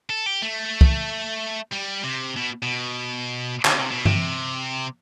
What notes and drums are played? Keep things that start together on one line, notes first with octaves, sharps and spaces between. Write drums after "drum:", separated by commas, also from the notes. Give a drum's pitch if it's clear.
A4
G4
A3
drum: kick
G3
C3
B2
B2
D3, drum: clap
C3
B2
C3, drum: tom G2